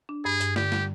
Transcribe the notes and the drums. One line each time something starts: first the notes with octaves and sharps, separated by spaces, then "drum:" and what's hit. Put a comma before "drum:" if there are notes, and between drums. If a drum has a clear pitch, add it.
D4
G2 G#4
G2, drum: hi-hat
D3 G4, drum: snare
G3, drum: snare